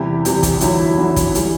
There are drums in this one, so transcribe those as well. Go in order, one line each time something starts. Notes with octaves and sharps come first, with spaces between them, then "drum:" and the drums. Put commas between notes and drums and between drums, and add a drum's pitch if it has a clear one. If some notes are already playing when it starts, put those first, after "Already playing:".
Already playing: E2 C3 G3 E4 G4
E2 C3 G3, drum: hi-hat
drum: kick, hi-hat
E2 D3 F#3 E4, drum: hi-hat
E4
E4
E2 D3 F#3
drum: kick, hi-hat
E3 G3, drum: hi-hat